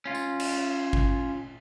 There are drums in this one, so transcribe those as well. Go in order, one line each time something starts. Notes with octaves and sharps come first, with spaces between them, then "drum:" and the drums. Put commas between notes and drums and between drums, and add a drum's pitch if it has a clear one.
C#4 F4
drum: tambourine
drum: cymbal
drum: kick G#1